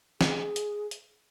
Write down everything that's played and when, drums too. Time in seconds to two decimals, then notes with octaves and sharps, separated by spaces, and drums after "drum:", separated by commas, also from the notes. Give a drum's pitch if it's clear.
0.21 G#4, drum: snare
0.56 drum: hi-hat
0.91 drum: hi-hat